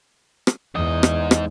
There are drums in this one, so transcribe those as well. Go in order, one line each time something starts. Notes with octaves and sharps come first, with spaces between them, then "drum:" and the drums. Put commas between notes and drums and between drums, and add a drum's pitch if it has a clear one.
drum: rim click
E2 G#2 D#5
drum: rim click
drum: rim click